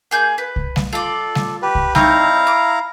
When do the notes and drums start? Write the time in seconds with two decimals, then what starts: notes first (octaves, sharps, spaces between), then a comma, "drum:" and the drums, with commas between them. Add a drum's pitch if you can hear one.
0.11 A#3 G#4 G6
0.38 B4
0.56 drum: kick C2
0.76 drum: snare G3
0.93 F4 A4 D5
1.35 drum: snare G3
1.62 G4 B4
1.75 drum: kick C2
1.95 C4 D#4 E4 C#5 F5 A#5, drum: snare G3
2.47 D6